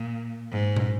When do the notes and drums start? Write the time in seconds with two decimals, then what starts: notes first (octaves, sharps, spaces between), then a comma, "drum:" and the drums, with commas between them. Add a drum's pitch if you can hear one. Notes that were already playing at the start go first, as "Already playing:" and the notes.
Already playing: A#2
0.52 G#2
0.76 drum: tom A#2